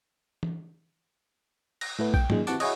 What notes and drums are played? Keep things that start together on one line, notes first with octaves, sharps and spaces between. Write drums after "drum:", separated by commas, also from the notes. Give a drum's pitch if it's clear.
drum: tom
A#6, drum: cymbal
A2 A3 B3
G5, drum: kick A#1
F#2 A#2 D#3 G#3, drum: tom
C3 E3 F#4 F#5 A5 D6, drum: tambourine
E4 F#4 G#4 C#5 D#5, drum: cymbal